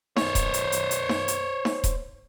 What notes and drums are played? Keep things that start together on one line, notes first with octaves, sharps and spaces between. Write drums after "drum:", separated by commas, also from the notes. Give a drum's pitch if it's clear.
C5 C#5, drum: snare D#4
drum: kick D#1, hi-hat
drum: hi-hat
drum: hi-hat
drum: hi-hat
drum: snare D#4
drum: hi-hat
drum: snare D#4
drum: kick D#1, hi-hat